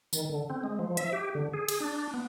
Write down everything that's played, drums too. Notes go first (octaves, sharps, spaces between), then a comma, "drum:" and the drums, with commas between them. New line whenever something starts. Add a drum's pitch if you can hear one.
D#3, drum: tambourine
D3
C4
G#3
F3
E5, drum: hi-hat
G4
D3
G#4
drum: cymbal
D4
B3